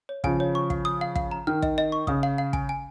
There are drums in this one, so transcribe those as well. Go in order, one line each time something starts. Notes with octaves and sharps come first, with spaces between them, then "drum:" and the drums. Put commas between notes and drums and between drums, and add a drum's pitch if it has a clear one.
C#5
C#3 F3 G#5, drum: kick
C#5
C#6
F5, drum: kick
D#6
F5
F5, drum: kick
A#5
D#3 F6
D#5, drum: kick
D#5
C#6
C#3 D#6, drum: kick
F5
F5
G#5, drum: kick
G#5